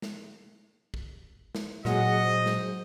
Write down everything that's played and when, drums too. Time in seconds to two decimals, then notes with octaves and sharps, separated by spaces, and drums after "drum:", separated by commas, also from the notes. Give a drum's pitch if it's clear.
0.02 drum: snare
0.94 drum: kick
1.55 drum: snare
1.85 A#2 F#3 G#4 D#5 F#5, drum: snare
2.23 C5
2.46 drum: snare